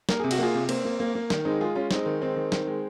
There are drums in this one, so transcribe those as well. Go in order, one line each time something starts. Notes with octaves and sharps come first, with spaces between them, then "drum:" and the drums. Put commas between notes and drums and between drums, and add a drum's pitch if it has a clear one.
A#3 A#4, drum: snare
C3 G#4
F#4, drum: cymbal
A#3 F4 G#4
C3
A#3 C4, drum: cymbal
A#3
A#3
A#3
D#3, drum: snare
G#3 C4 D#4
G#3 F4 G#4
G#3 C#4 F4
G#3 C4 D#4, drum: snare
D#3
G#3 C4 D#4
D#3
D#3, drum: snare
G#3